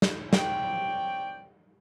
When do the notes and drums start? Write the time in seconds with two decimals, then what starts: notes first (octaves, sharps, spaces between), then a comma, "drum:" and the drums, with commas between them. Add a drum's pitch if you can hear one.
0.02 drum: snare
0.33 C4 C#5 D5 G5, drum: snare